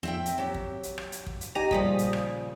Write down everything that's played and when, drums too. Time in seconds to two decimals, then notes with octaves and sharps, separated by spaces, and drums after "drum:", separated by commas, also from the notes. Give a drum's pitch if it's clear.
0.03 F2 C4 E5 G5
0.26 drum: hi-hat
0.38 F#3 G4
0.54 drum: kick
0.83 drum: hi-hat
0.98 drum: rim click
1.12 drum: hi-hat
1.26 drum: kick
1.41 drum: hi-hat
1.55 D#4 G4 G#5 A#5
1.71 A#2 C#3 F3 G3 D#6 B6, drum: kick
1.99 drum: hi-hat
2.13 drum: rim click